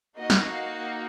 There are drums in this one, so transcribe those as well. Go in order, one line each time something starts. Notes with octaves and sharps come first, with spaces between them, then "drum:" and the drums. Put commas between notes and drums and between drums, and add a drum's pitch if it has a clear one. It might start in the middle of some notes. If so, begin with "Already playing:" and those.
A#3 D#4 F#4 D#5
drum: snare
F5